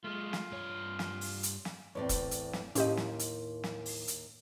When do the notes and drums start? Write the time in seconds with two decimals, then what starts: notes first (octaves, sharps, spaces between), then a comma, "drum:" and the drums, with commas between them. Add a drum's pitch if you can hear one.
0.04 G#3 A3 F4
0.33 drum: snare
0.52 G2 C#5
0.99 drum: snare
1.21 drum: open hi-hat
1.43 drum: hi-hat
1.65 drum: snare
1.95 E2 A2 C4 C#5 D5
2.09 drum: kick E1, hi-hat
2.31 drum: hi-hat
2.53 drum: snare
2.75 D#2 A2 A#3 C#4 E4 G4 D#5 C6, drum: hi-hat
2.97 drum: snare
3.19 drum: hi-hat
3.64 drum: snare
3.86 drum: open hi-hat
4.08 drum: hi-hat